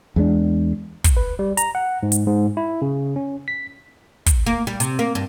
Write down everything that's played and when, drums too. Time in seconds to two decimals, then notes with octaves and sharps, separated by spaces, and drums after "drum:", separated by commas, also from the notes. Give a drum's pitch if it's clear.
0.16 E2 G#3 D4
1.04 drum: kick, hi-hat
1.17 B4
1.39 G3
1.57 A#5, drum: hi-hat
1.75 F#5
2.03 G#2
2.12 drum: hi-hat
2.27 G#2
2.57 E4
2.82 C#3
3.16 C#4
3.48 B6
4.26 drum: kick, hi-hat
4.46 A#3
4.67 G3
4.80 C3, drum: hi-hat
4.99 A#3
5.15 G2